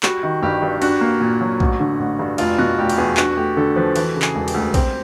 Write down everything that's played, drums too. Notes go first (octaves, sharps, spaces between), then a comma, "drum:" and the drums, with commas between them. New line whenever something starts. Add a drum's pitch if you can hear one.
G3 F#4, drum: clap
D#3
G1 G4
G2
D4 F#4, drum: cymbal
A#3
A#2
F#3
A1, drum: kick
D3
A1
G2
F1 F4, drum: cymbal
B2 F#4
F1 G4
G4, drum: cymbal
E2 G#4
D4 F#4, drum: clap
A3 G4
D3 A4
F3 B4
E3 B4, drum: cymbal
C#3
G#4, drum: clap
E1
G4, drum: cymbal
D2
C4 G4, drum: kick, cymbal